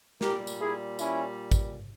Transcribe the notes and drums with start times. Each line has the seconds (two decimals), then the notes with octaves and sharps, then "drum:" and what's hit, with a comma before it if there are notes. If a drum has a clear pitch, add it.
0.21 A#2 G3 G4 A#4, drum: snare
0.47 drum: tambourine
0.60 E4 G#4
0.99 C#4 E4, drum: tambourine
1.52 drum: kick, tambourine